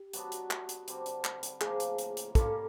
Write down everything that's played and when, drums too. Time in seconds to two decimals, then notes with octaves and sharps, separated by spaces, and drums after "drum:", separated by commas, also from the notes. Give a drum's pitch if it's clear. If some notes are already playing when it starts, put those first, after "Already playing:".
Already playing: G4
0.13 F#3 B3 D4 F#4, drum: hi-hat
0.32 drum: hi-hat
0.50 drum: clap
0.69 drum: hi-hat
0.88 D3 G3 C4, drum: hi-hat
1.06 drum: hi-hat
1.24 drum: clap
1.43 drum: hi-hat
1.61 A2 F3 A#3 G#4, drum: clap
1.80 drum: hi-hat
1.98 drum: hi-hat
2.17 drum: hi-hat
2.35 G3 A#3 C#4 F4 A4, drum: kick, hi-hat